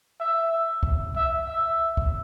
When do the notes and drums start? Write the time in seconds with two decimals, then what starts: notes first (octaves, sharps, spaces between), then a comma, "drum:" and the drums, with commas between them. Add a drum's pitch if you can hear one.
0.21 E5
0.83 drum: kick
1.16 E5
1.48 E5
1.97 drum: kick